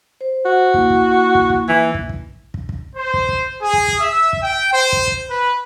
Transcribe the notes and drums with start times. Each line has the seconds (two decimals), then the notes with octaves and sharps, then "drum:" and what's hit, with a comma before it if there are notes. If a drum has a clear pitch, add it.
0.21 C5
0.45 F#4
0.74 A#3 E4, drum: kick
0.90 drum: kick
1.35 drum: kick
1.50 drum: kick
1.68 E3
1.94 drum: kick
2.09 drum: kick
2.54 drum: kick
2.69 drum: kick
2.96 C5
3.14 drum: kick
3.29 drum: kick
3.62 G#4
3.73 drum: kick
3.88 drum: kick
4.00 E5
4.33 drum: kick
4.42 G5
4.72 C5
4.93 drum: kick
5.07 drum: kick
5.30 B4